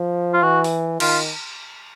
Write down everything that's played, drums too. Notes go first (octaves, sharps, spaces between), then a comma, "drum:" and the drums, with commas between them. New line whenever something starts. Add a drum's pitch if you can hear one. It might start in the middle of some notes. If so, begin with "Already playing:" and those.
Already playing: F3
F4
E3 F#4
drum: open hi-hat
D#3 F4, drum: cymbal